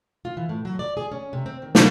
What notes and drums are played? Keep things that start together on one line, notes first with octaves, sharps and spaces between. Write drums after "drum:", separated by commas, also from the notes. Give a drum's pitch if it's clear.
F4
E3
A2
F#3
D5
G#4
C#4
C3
C4
D#3
C3, drum: snare